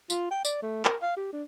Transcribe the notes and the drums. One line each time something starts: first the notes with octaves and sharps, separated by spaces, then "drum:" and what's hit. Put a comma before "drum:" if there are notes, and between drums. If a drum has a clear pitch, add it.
F4, drum: tambourine
G5
D5, drum: tambourine
A3
A#4, drum: clap
F5
G4
D4